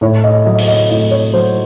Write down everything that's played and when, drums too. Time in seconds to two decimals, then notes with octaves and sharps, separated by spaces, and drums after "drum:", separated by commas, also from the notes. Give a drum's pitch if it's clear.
0.01 A2 C#5
0.24 D#5
0.46 F#3 D#5
0.58 drum: open hi-hat
0.67 D#5
0.90 A2 D#5
1.11 C#5
1.33 F#3 C5